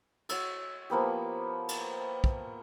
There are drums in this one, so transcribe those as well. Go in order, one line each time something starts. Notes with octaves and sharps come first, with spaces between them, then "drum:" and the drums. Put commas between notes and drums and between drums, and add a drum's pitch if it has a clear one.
F#4 C#5 E6, drum: cymbal
F3 A#3 B3 G4
drum: cymbal
drum: kick